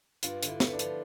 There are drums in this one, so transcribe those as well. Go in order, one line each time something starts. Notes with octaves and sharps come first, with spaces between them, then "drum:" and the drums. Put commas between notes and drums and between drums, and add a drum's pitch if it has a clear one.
G2 F4, drum: hi-hat
D3, drum: hi-hat
E4
B3, drum: snare
D4
F3, drum: hi-hat